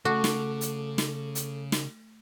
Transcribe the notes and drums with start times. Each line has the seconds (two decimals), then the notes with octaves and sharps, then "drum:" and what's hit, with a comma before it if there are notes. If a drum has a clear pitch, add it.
0.05 C#3 A3 F#4 A4 D6
0.24 drum: snare
0.61 drum: hi-hat
0.98 drum: snare
1.35 drum: hi-hat
1.72 drum: snare